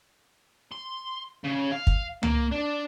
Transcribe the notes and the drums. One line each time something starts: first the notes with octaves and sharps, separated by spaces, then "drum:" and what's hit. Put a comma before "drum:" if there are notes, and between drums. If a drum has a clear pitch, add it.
C6
C#3
F5
drum: kick
A#3, drum: tom
D4